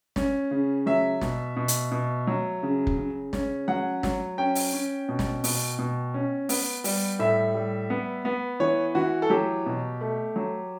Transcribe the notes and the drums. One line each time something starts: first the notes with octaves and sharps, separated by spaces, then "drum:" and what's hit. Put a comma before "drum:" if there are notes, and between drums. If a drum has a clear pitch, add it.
C#4, drum: snare
C#3
F#3 E5
B2, drum: snare
B2
drum: hi-hat
B2
F#3
C#3
drum: kick F1
C#3
C#4, drum: snare
F#3 F#5
F#3, drum: snare
C#4 G5
drum: open hi-hat
C#4
B2
drum: snare
B2, drum: open hi-hat
B2
C#4
B3, drum: open hi-hat
G3, drum: open hi-hat
A2 E5
G3
B3
B3
E3 C#5
E3 F#4
A4
F#3 G4
B2
A3
F#3